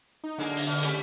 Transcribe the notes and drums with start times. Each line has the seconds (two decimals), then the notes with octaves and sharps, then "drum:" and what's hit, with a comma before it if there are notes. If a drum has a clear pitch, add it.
0.24 D#4
0.38 D3 F#3 A#3 G#4
0.57 drum: open hi-hat
0.67 B2
0.83 G3 A3 C#4, drum: hi-hat